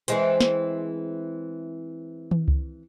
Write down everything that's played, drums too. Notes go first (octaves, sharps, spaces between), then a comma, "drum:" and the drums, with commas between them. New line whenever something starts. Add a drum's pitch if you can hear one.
E3 G#3 C4, drum: hi-hat
drum: snare
drum: tom D#3
drum: kick C#2